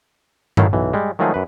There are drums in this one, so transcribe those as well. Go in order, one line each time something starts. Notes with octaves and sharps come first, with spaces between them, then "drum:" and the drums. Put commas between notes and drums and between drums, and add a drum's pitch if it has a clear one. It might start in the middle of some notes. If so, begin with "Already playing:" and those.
D#3 F#3 A3 E4 F5, drum: tom G2
B1 E3
G3 G#3
D#3 F3 F#3 G#3 A3 G#4
F#2 B4